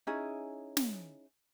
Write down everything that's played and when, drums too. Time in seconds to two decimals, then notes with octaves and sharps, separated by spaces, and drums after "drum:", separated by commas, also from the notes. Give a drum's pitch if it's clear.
0.07 C#4 D#4 E4 G#4
0.77 drum: snare